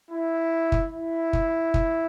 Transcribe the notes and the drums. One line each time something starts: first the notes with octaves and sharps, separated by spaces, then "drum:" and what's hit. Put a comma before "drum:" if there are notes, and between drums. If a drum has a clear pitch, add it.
E4
drum: kick
E4
drum: kick
drum: kick